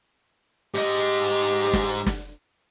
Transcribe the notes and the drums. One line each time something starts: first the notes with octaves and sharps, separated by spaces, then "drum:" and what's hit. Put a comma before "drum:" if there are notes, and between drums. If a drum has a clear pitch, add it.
G#2 G4 D#5, drum: open hi-hat
drum: snare
drum: snare